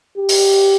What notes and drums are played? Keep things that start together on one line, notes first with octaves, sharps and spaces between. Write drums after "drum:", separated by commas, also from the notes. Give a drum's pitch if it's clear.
G4
drum: open hi-hat